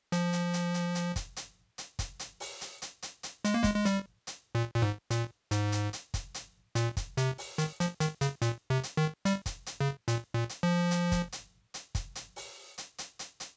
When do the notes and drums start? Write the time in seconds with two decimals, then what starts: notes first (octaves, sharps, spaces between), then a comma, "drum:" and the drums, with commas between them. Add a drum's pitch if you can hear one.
0.12 F3, drum: hi-hat
0.33 drum: hi-hat
0.53 drum: hi-hat
0.74 drum: hi-hat
0.95 drum: hi-hat
1.16 drum: kick, hi-hat
1.36 drum: hi-hat
1.78 drum: hi-hat
1.99 drum: kick, hi-hat
2.19 drum: hi-hat
2.40 drum: open hi-hat
2.61 drum: hi-hat
2.82 drum: hi-hat
3.02 drum: hi-hat
3.23 drum: hi-hat
3.45 G#3, drum: hi-hat
3.54 A#3
3.64 G#3, drum: kick, hi-hat
3.75 G#3
3.85 G3, drum: hi-hat
4.27 drum: hi-hat
4.55 A#2
4.76 A#2
4.82 G#2
5.11 A#2, drum: hi-hat
5.51 G#2, drum: hi-hat
5.72 drum: hi-hat
5.93 drum: hi-hat
6.14 drum: kick, hi-hat
6.34 drum: hi-hat
6.75 A#2, drum: hi-hat
6.97 drum: kick, hi-hat
7.17 C3, drum: hi-hat
7.38 drum: open hi-hat
7.58 D#3, drum: hi-hat
7.80 F3, drum: hi-hat
8.00 D#3, drum: hi-hat
8.21 C#3, drum: hi-hat
8.42 A#2, drum: hi-hat
8.70 C3
8.83 drum: hi-hat
8.97 D#3
9.25 G3, drum: hi-hat
9.46 drum: kick, hi-hat
9.66 drum: hi-hat
9.80 C#3
10.08 A#2, drum: hi-hat
10.35 A#2
10.49 drum: hi-hat
10.63 F3
10.91 drum: hi-hat
11.12 drum: kick, hi-hat
11.32 drum: hi-hat
11.74 drum: hi-hat
11.95 drum: kick, hi-hat
12.15 drum: hi-hat
12.36 drum: open hi-hat
12.78 drum: hi-hat
12.98 drum: hi-hat
13.19 drum: hi-hat
13.40 drum: hi-hat